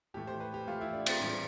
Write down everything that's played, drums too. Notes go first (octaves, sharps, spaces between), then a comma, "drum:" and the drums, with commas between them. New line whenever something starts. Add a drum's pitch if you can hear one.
A2 E3 A3 G4
C5
B4
G4
A2 E3 A3 F4
E4
D4
C4, drum: cymbal
A2 E3 G3 D4